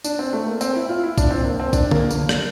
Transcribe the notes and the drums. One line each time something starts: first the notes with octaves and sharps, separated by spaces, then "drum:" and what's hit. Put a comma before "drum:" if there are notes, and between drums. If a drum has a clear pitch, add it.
D4, drum: tambourine
C4
A3
A#3
C4, drum: tambourine
E4
F4
E4
D4, drum: kick, tambourine
C4
A#3
C4
D4, drum: kick, tambourine
A#3, drum: tom D3
A#3, drum: tambourine
drum: rim click